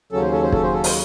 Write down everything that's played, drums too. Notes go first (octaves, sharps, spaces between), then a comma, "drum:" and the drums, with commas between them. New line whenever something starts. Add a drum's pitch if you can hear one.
D#2 C#3 F#3 C#4 A4
C5
A4
C5
A4, drum: kick
C5
A4
C5, drum: open hi-hat